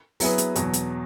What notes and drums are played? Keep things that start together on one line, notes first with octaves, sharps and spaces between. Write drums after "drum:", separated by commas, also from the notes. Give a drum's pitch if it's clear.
F#3 B3 E4 G#4 B4, drum: open hi-hat
drum: hi-hat
E2 B2 F#3, drum: hi-hat
drum: hi-hat